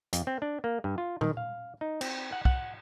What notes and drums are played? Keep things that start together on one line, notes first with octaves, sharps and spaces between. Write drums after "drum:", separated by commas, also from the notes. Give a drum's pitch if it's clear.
F2, drum: hi-hat
C4
D4
A#3
G2
F4
D#3, drum: tom A#2
F5
D#4
C4, drum: cymbal
F#5
F#5, drum: kick